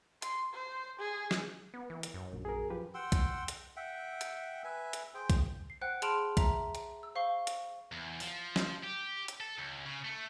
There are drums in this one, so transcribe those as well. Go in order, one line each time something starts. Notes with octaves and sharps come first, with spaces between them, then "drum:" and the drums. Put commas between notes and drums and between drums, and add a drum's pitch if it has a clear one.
C6, drum: hi-hat
C5
G#4
drum: snare
B3
E3
drum: hi-hat
F#2
A#1
G#4 A#4
F3 G4 B4
F#5 G5 C6 E6
drum: kick B1, hi-hat
drum: hi-hat
E5 F#5 G5
drum: hi-hat
B4 E5 G#5
drum: hi-hat
G#4 C5 G5
drum: kick B1, hi-hat
C7
C5 F#5 G5 F#6
G#4 A5 B5 C6 F6 D7, drum: hi-hat
E5 A#5, drum: kick B1, hi-hat
drum: hi-hat
E6
C5 F5 C#6 C7 G7
drum: hi-hat
E2
F3, drum: open hi-hat
drum: snare
G4
drum: hi-hat
A4
C#2
C#3
A3